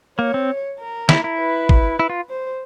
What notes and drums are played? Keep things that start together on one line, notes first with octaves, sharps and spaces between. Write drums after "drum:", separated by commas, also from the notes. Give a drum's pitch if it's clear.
A#3 C#5
C4
A#4
E4, drum: snare
E4
B4
drum: kick
E4
F4
C5